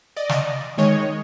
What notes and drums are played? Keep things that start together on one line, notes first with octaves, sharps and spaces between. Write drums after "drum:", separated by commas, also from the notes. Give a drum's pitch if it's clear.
D5 D#5
drum: snare
D#3 G#3 C#5 D#5